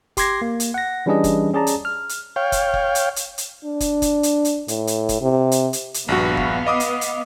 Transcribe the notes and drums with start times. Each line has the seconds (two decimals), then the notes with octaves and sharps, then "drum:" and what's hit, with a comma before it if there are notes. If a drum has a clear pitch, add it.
0.17 G4 C6 D6 G#6 A#6 C7, drum: kick, hi-hat
0.42 A#3
0.60 drum: hi-hat
0.74 F#5 A#6
1.06 E3 G3 C#4 D4 G#4 D#5
1.24 drum: kick, hi-hat
1.53 C#4 G#4 D5 A5 A#5
1.67 drum: hi-hat
1.85 F6
2.09 drum: hi-hat
2.36 C#5 F5 G5
2.52 drum: kick, hi-hat
2.74 drum: kick
2.95 drum: hi-hat
3.16 drum: hi-hat
3.38 drum: hi-hat
3.65 D4
3.80 drum: kick, hi-hat
4.02 drum: kick, hi-hat
4.23 drum: hi-hat
4.45 drum: hi-hat
4.68 A2, drum: hi-hat
4.87 drum: hi-hat
5.09 drum: kick, hi-hat
5.22 C3
5.52 drum: hi-hat
5.73 drum: hi-hat
5.94 drum: hi-hat
6.08 A#1 G2 B3 F#4 F5
6.37 drum: kick
6.66 D#5 D6 D#6
6.80 drum: hi-hat
7.01 drum: hi-hat